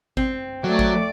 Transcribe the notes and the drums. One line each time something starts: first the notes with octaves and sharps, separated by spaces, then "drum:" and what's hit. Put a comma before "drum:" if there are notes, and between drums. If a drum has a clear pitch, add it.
C4, drum: kick G#1
F#3 A3 D5 D6
drum: kick G#1